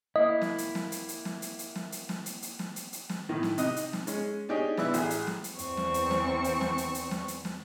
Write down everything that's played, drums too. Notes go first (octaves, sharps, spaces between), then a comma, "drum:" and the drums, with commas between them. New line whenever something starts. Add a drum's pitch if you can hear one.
A#3 E4 D#5
drum: snare
drum: hi-hat
drum: snare
drum: hi-hat
drum: hi-hat
drum: snare
drum: hi-hat
drum: hi-hat
drum: snare
drum: hi-hat
drum: snare
drum: hi-hat
drum: hi-hat
drum: snare
drum: hi-hat
drum: hi-hat
drum: snare
A2 D#3
drum: snare
C3 D#4 D#5 D#6 F#6, drum: hi-hat
drum: hi-hat
drum: snare
G#3 C#4, drum: hi-hat
D4 D#4 G4 G#4 C#5 D#5
B2 E3 D4 E5 F#6, drum: snare
A1 G#4, drum: hi-hat
drum: hi-hat
drum: snare
drum: hi-hat
E2 C4 C#6, drum: hi-hat
drum: snare
drum: hi-hat
drum: snare
drum: hi-hat
drum: snare
drum: hi-hat
drum: hi-hat
drum: snare
drum: hi-hat
drum: snare